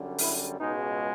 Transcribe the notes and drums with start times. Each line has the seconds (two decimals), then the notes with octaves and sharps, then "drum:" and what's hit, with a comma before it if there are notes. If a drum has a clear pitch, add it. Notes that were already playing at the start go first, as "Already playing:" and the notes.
Already playing: F#2 D3 G3
0.18 E4, drum: open hi-hat
0.59 C#2 B2 G#3 D#4